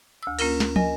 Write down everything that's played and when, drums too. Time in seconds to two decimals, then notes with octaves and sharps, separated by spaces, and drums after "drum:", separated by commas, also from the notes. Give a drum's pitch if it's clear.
0.23 D2 E6
0.39 A#3 C#4 F4 A#4, drum: cymbal
0.60 drum: snare
0.76 A#4 D#5 G#5, drum: tom